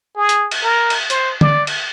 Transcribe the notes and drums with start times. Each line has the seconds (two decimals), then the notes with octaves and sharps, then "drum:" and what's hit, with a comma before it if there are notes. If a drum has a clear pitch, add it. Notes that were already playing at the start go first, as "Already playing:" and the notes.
0.16 G#4
0.29 drum: hi-hat
0.51 drum: cymbal
0.63 A#4
0.90 drum: cymbal
1.10 C5, drum: hi-hat
1.41 D5, drum: tom
1.67 drum: cymbal